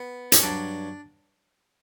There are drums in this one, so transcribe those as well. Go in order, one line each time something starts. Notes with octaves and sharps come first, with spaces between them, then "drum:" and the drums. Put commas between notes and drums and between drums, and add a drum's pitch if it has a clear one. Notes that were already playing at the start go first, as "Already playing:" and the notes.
Already playing: B3
C#4, drum: hi-hat
G2 F#3 D4